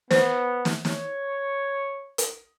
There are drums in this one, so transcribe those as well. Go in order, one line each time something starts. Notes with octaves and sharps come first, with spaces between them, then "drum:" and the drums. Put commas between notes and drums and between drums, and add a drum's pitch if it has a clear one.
B3 C5, drum: snare
drum: snare
C#5, drum: snare
drum: hi-hat